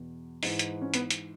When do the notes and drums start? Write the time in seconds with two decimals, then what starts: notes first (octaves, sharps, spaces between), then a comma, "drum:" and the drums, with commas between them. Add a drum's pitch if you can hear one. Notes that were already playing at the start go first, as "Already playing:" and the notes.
Already playing: E2 B2
0.43 G#2 E3, drum: open hi-hat
0.59 drum: hi-hat
0.81 C#4
0.94 B3, drum: hi-hat
1.11 drum: hi-hat